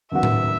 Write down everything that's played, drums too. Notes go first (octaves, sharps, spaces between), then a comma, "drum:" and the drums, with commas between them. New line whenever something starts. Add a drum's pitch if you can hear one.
D#2 C#3 F#3 B3 F#4 E5
drum: tom A2